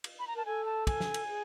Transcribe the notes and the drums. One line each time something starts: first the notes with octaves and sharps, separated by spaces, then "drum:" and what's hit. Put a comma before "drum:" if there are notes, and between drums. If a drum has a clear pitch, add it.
drum: cymbal
B5
A#5
A#4 A5
A4 G#5
A5
G#5, drum: kick, cymbal
drum: snare
drum: cymbal
G#4